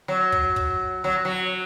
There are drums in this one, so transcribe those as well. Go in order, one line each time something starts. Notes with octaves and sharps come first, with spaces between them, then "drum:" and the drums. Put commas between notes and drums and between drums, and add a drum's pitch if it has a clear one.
F#3
drum: kick
drum: kick
F#3
F#3